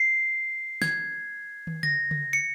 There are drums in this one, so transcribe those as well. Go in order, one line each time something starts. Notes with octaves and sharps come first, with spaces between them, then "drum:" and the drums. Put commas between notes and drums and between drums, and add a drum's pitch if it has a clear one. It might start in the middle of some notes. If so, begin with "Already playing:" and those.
Already playing: C7
G#6, drum: snare
drum: tom
A#6, drum: tom C#3
drum: tom C#3
C#7